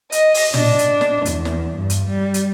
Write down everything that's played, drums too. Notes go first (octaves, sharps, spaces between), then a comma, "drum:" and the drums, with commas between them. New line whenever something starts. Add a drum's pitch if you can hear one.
D#5, drum: hi-hat
drum: open hi-hat
D4, drum: tom
drum: hi-hat
drum: snare
E2, drum: hi-hat
drum: snare
G2
drum: hi-hat
G3
drum: hi-hat